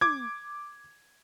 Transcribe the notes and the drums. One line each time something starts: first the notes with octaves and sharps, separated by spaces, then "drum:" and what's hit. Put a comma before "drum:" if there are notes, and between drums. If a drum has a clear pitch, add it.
D6 G#6, drum: tom